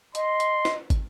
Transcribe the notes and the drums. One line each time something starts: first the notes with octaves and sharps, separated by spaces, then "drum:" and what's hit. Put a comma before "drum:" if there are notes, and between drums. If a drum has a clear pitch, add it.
D#5 C6, drum: hi-hat
drum: hi-hat
drum: snare
drum: kick, hi-hat